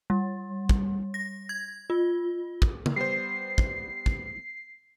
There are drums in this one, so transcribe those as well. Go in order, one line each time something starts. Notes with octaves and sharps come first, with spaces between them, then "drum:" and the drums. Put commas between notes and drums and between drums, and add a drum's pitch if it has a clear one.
G3
drum: kick
A#6
G#6
F4
drum: kick
drum: tom
G3 B3 C5 C7
drum: kick
drum: kick